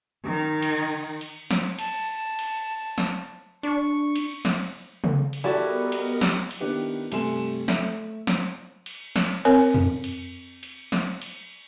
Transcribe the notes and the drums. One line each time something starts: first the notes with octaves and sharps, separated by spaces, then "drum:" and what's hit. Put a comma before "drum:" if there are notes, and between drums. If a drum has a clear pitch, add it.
D#3
drum: cymbal
drum: cymbal
drum: snare
A5, drum: cymbal
drum: cymbal
drum: snare
D4 C#6
drum: cymbal
drum: snare
drum: tom C#3
drum: cymbal
G3 B3 E4 F#4 A4 A#4 D#5
drum: cymbal
drum: snare
drum: cymbal
D#3 B3 D4 E4 G4 B4
G2 C3 A3 G#5 C6 E7, drum: cymbal
A3 E5, drum: snare
drum: snare
drum: cymbal
drum: snare
C4 A#4 C#5, drum: cymbal
drum: tom F2
drum: cymbal
drum: cymbal
drum: snare
drum: cymbal